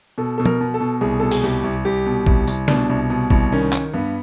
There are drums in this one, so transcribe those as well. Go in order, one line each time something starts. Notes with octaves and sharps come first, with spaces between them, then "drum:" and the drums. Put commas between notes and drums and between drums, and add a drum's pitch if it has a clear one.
B2 A4
B2 A4
A#4, drum: tom
B2
A4
B2
C2 G#4
B2 A4
G#4, drum: open hi-hat
C2 G4
C2
C2 G4
B2
C2, drum: kick
C2, drum: tambourine
B2 D4, drum: snare
C2
B2
C2, drum: kick
D#3 C#4
D#3, drum: clap
G2 B3